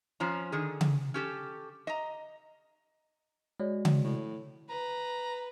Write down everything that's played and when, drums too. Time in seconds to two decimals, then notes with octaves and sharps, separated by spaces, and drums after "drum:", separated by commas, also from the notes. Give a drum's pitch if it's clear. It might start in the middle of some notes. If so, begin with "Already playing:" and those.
0.20 F2 F3 C#4 A#5
0.52 D3 D#3 G#4
0.81 drum: tom C#3
1.14 C#4 G4 A4
1.87 D#5 A#5
3.60 G#3 F#4 C#5 D5
3.85 drum: tom C#3
4.04 A2
4.70 B4 A#5